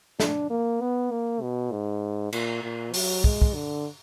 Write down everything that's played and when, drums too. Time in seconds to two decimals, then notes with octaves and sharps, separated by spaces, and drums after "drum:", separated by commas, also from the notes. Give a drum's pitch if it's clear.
0.20 D4, drum: snare
0.50 A#3
0.81 B3
1.11 A#3
1.41 B2
1.72 G#2
2.33 A#2, drum: cymbal
2.63 A#2
2.94 F#3, drum: open hi-hat
3.24 G#3, drum: kick
3.42 drum: kick
3.55 D3